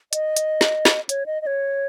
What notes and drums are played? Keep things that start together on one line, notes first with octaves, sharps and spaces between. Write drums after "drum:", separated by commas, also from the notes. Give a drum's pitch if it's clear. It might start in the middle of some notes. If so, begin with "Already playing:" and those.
D#5, drum: hi-hat
drum: hi-hat
drum: snare
drum: snare
C#5, drum: hi-hat
D#5
D#5
C#5